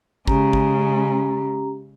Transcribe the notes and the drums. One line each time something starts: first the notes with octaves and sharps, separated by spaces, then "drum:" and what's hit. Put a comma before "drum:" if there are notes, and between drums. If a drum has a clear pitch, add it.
C#3 G#3 C#4 G4 A#5, drum: kick G#1
drum: kick G#1